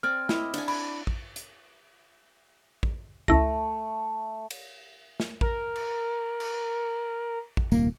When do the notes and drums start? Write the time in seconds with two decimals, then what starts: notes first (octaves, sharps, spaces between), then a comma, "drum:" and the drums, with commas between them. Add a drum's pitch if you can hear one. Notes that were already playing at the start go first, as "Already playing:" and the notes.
0.03 C4 D5 G#5 F6
0.29 E4 D#5 D6, drum: snare
0.54 D4 F#5 G#5, drum: cymbal
0.68 B5, drum: cymbal
1.07 drum: kick A1
1.36 drum: hi-hat
2.83 drum: kick A1
3.28 C#2 A3 E4 A#6, drum: kick A1
4.50 drum: cymbal
5.20 drum: snare
5.41 A#4, drum: kick A1
5.75 drum: cymbal
6.40 drum: cymbal
7.57 drum: kick A1
7.72 D#1 C2 A#3, drum: tambourine